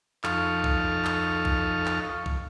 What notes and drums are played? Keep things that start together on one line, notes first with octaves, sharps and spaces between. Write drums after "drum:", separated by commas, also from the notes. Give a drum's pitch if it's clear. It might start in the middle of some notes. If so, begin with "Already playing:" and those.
F2 D#4 A4 F5 C#6 F6, drum: clap
drum: kick B1
drum: clap
drum: kick B1
drum: clap
drum: kick B1